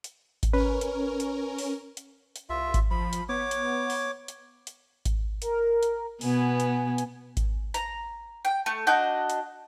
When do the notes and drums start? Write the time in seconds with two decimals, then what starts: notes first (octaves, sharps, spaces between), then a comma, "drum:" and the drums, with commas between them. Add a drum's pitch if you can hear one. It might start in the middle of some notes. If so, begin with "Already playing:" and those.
0.04 drum: hi-hat
0.43 drum: kick G#1, hi-hat
0.53 C#4 A#4 B4
0.81 drum: hi-hat
1.20 drum: hi-hat
1.58 drum: open hi-hat
1.97 drum: hi-hat
2.36 drum: hi-hat
2.49 C2 F4 E5
2.74 drum: kick G#1, hi-hat
2.91 F3 B5
3.13 drum: hi-hat
3.29 B3 C#5 D6
3.51 drum: hi-hat
3.90 drum: open hi-hat
4.28 drum: hi-hat
4.67 drum: hi-hat
5.05 drum: kick G#1, hi-hat
5.42 A#4, drum: hi-hat
5.83 drum: hi-hat
6.21 B2 B3 G#5, drum: open hi-hat
6.60 drum: hi-hat
6.98 drum: hi-hat
7.37 drum: kick G#1, hi-hat
7.74 A#5, drum: hi-hat
8.45 G5
8.66 A3
8.87 D4 F#4 D#5 G6
9.30 drum: hi-hat